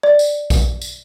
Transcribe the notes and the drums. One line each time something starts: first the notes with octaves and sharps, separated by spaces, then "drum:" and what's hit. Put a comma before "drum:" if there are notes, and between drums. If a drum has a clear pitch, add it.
D5
drum: tambourine
drum: kick A#1, tambourine
drum: tambourine